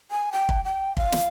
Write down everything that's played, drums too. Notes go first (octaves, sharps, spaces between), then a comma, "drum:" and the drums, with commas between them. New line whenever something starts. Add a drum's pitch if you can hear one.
G#5
G5
drum: kick
G5
F5, drum: kick
drum: snare